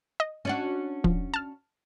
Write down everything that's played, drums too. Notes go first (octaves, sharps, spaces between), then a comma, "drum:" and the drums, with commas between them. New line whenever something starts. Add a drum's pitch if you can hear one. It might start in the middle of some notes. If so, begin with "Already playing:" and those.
D#5
C#4 D4 F#4
F3, drum: kick
A5 F6